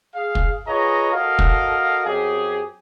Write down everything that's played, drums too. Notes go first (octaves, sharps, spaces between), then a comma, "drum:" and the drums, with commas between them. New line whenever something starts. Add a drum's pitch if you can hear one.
G#4 F5
drum: kick
F4 G#4 B4 C#5 D#5 A#5
F#4 A4 A#4 D#5 F5
drum: kick
F#2 C4 G4 G#4